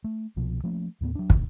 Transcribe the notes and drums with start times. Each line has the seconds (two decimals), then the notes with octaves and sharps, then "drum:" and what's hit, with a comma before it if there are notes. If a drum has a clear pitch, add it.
0.04 A3
0.36 C2 B2 F3
0.64 F3 A3 A#3 C#4
1.01 D#2 A2 A#3 B3
1.15 F#3 D4
1.30 F#1 C2 A#2 D#3, drum: kick